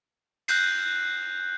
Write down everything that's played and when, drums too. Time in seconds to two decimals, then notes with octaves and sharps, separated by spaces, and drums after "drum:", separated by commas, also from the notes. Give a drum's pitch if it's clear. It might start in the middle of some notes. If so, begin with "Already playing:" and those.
0.48 F#6 G6 C7, drum: cymbal